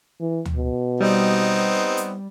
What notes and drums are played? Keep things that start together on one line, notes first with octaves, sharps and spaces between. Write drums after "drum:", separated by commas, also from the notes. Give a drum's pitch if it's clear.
E3
drum: tom D2
B2
G3 B3 C4 D#4
drum: hi-hat